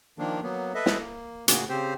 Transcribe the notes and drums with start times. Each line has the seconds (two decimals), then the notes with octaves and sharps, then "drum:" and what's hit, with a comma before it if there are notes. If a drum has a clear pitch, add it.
0.19 D#3 F3 A#3 D4
0.43 F#3 A#3 B3
0.75 A4 B4 D#5 E5
0.86 drum: snare
0.98 A#3
1.48 A2 C#3 A#3 F#4 G#4, drum: hi-hat
1.69 C#3 C4 G4 C5